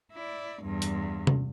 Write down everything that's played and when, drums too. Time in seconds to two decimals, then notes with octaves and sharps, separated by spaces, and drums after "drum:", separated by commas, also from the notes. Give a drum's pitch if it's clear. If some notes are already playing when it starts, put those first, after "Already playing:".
0.13 E4 D5
0.63 E2 G2
0.82 drum: hi-hat
1.27 drum: tom C3